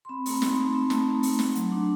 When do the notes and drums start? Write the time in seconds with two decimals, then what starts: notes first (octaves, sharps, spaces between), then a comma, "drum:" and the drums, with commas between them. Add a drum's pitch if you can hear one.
0.05 C6
0.09 C4 B5
0.26 A3 A#5, drum: open hi-hat
0.42 D#4, drum: snare
0.53 A3 C6
0.75 C4
0.90 A3, drum: snare
1.07 D#4
1.23 A3, drum: open hi-hat
1.39 A3, drum: snare
1.55 F#3, drum: hi-hat
1.72 D4